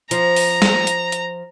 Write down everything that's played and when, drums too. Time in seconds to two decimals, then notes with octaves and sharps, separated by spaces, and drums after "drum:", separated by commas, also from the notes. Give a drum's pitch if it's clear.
0.11 F3 A#5, drum: hi-hat
0.36 drum: open hi-hat
0.62 drum: snare
0.87 drum: hi-hat
1.12 drum: hi-hat